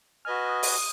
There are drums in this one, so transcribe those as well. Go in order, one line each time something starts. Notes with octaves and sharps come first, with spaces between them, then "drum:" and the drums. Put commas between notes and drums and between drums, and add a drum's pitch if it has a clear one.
F#4 B4 D#5 G#5 F6
D#6
drum: open hi-hat
D#6